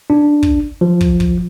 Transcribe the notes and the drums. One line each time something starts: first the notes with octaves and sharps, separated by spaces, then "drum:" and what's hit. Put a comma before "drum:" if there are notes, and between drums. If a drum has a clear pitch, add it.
D4
drum: kick
F3
drum: kick
drum: kick